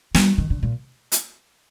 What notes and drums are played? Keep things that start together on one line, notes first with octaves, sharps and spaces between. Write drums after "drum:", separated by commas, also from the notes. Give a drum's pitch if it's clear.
G3, drum: snare
D#3
D3
A#2
drum: hi-hat